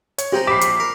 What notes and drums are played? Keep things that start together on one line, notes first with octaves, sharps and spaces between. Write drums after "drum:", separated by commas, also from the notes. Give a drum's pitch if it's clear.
C#5, drum: hi-hat
G#3 C4 D#4 G4
A#1 B5 D6 B6 C7 E7
drum: hi-hat
A#4